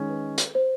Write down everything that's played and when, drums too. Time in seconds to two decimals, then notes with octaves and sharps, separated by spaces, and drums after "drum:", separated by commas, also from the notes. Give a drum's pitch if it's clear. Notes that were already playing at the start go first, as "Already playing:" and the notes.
Already playing: D#3 G#3 C#4
0.10 B4
0.38 drum: hi-hat
0.55 C5